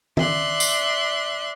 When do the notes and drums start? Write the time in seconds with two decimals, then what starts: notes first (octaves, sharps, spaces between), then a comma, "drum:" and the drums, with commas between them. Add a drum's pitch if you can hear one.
0.17 D5 E5 C6 F#6, drum: tom D#3
0.60 drum: tambourine